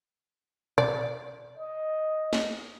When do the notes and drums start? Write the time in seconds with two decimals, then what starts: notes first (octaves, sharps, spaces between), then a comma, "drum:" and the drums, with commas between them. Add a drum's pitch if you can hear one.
0.78 D5, drum: tom A#2
1.57 D#5
2.33 drum: snare